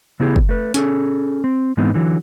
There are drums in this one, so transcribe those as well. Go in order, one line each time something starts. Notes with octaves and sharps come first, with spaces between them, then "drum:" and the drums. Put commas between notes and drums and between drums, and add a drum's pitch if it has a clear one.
C#3 B3 E4 G4 G#4
drum: kick
A3 B4
C#4 G#4 A4, drum: hi-hat
C4
G#2 E3 G#3 B3 C4 D#4
D3 E3 F#3